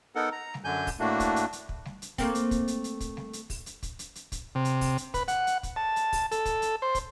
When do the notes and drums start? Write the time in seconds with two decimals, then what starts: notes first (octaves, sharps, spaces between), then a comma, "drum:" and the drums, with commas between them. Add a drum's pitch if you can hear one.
0.15 B3 D#4 A4 A#4 F#5
0.32 A#5
0.54 drum: snare
0.64 F#2 D3 G#5 G6
0.87 drum: kick, open hi-hat
0.99 A2 A3 A#3 D4 F#4
1.20 drum: kick, hi-hat
1.36 drum: hi-hat
1.53 drum: hi-hat
1.69 drum: kick
1.85 drum: snare
2.02 drum: hi-hat
2.18 A3 A#3 C4, drum: kick, open hi-hat
2.35 drum: hi-hat
2.51 drum: kick, hi-hat
2.68 drum: hi-hat
2.84 drum: hi-hat
3.00 drum: kick, hi-hat
3.17 drum: snare
3.33 drum: hi-hat
3.50 drum: kick, open hi-hat
3.66 drum: hi-hat
3.83 drum: kick, hi-hat
3.99 drum: hi-hat
4.15 drum: hi-hat
4.32 drum: kick, hi-hat
4.55 C3
4.65 drum: hi-hat
4.81 drum: kick, open hi-hat
4.98 drum: hi-hat
5.14 B4, drum: kick, hi-hat
5.28 F#5, drum: hi-hat
5.47 drum: hi-hat
5.63 drum: kick, hi-hat
5.76 A5
5.96 drum: hi-hat
6.13 drum: kick, open hi-hat
6.31 A4, drum: hi-hat
6.45 drum: kick, hi-hat
6.62 drum: hi-hat
6.82 C5
6.95 drum: kick, hi-hat